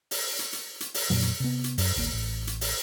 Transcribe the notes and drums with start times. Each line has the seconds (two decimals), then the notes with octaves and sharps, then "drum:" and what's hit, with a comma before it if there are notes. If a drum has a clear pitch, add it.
0.11 drum: open hi-hat
0.39 drum: hi-hat
0.53 drum: hi-hat
0.80 drum: hi-hat
0.94 drum: open hi-hat
1.10 F2 A#2 F#3
1.22 drum: hi-hat
1.40 C3 B3
1.64 drum: hi-hat
1.78 F#2, drum: open hi-hat
1.96 D1 G#1 A#3
2.13 A1
2.47 drum: hi-hat
2.61 drum: open hi-hat